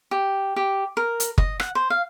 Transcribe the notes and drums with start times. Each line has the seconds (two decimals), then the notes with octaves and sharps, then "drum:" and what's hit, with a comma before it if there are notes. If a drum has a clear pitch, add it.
0.11 G4
0.56 G4
0.97 A#4
1.20 drum: hi-hat
1.38 D#5, drum: kick
1.60 F#5, drum: rim click
1.75 C5
1.90 F5